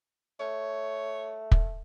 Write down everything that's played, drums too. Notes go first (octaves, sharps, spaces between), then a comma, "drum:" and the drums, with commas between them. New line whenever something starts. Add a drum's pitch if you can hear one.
A3 C#5
drum: kick